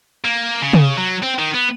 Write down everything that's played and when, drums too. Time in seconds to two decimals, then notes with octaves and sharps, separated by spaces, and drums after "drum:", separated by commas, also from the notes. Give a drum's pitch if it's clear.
0.25 A#3
0.62 C#3
0.73 drum: tom
0.98 F#3
1.23 C4
1.38 D#3
1.54 B3